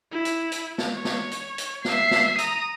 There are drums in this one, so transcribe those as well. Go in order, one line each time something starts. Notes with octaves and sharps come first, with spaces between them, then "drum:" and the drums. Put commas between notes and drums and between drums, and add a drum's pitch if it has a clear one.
E4
drum: hi-hat
drum: hi-hat
drum: snare
C#5
drum: snare
drum: hi-hat
drum: hi-hat
E5 C7, drum: snare
drum: snare
A#5 D#6, drum: hi-hat